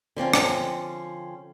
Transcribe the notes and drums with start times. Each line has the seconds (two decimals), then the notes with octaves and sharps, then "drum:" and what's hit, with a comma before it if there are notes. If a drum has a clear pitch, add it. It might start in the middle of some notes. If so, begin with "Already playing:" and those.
0.16 D3 F3 C4 C#4
0.34 drum: rim click